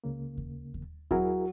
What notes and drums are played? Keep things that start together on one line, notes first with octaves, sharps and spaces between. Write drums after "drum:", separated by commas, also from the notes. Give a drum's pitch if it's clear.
C#2 C#3 A#3
drum: kick D#2
drum: kick D#2
F#3 E4 G#4 A#4, drum: kick D#2